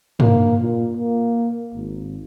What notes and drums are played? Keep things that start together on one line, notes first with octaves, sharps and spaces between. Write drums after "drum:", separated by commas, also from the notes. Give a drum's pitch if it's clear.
A#3, drum: tom
A#2
A#3
G#1